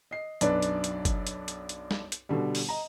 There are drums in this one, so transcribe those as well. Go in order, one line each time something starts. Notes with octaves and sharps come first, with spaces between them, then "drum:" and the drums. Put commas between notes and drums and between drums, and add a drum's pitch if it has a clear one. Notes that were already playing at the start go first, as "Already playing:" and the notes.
D#5 C7
B1 F#2 D4 B4 D5, drum: hi-hat
drum: hi-hat
drum: hi-hat
drum: kick F#1, hi-hat
drum: hi-hat
drum: hi-hat
drum: hi-hat
drum: snare
drum: hi-hat
B2 D3 G3
drum: open hi-hat
D#5 A#5